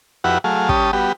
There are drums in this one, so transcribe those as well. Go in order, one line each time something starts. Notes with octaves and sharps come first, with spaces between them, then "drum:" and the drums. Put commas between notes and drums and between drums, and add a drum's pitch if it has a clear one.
F2 E4 F#4 G4 B4 F#5
F#3 A3 G#4 F5
G3 C#4 G4 A5 D#6, drum: kick
G3 B3 F#4 G4